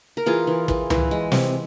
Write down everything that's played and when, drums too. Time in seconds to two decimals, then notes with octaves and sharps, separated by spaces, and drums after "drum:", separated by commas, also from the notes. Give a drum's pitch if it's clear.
0.17 A#4
0.26 E3 F4 G#4
0.47 E3
0.68 E3, drum: kick
0.90 E3, drum: tom C#2
1.11 G#3
1.32 C3, drum: snare